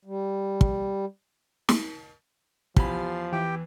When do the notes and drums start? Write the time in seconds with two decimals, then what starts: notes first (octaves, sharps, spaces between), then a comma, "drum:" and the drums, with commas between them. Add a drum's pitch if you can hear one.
0.05 G3
0.61 drum: kick
1.69 drum: snare
2.76 E2 F3 G4 B5 A6 C7, drum: kick
3.32 E3 G4 G5